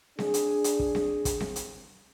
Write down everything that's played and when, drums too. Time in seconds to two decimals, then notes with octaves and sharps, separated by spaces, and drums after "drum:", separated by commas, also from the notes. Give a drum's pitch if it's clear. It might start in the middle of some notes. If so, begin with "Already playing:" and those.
0.19 D4 G#4, drum: snare C4
0.34 drum: hi-hat
0.64 drum: hi-hat
0.79 drum: kick
0.95 drum: snare C4
1.25 drum: kick, hi-hat
1.40 drum: snare C4
1.56 drum: hi-hat